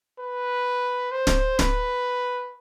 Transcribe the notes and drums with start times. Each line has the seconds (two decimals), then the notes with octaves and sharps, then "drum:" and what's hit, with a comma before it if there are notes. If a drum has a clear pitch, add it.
0.19 B4
1.12 C5
1.27 drum: snare
1.59 B4, drum: snare